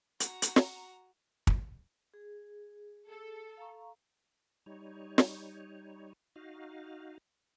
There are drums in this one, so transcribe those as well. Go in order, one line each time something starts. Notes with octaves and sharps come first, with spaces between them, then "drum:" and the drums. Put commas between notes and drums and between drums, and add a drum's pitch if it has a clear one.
F#4 A#5, drum: hi-hat
drum: hi-hat
drum: snare
drum: kick
G#4
G#4 A4
F5 A#5 C#6
G3 D#4 C#5
drum: snare
D#4 F#4 F5